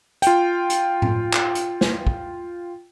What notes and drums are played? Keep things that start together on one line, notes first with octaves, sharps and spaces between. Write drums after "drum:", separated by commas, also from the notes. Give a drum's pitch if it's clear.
F4 G5, drum: hi-hat
drum: hi-hat
drum: tom A2
drum: clap
drum: hi-hat
drum: snare
drum: kick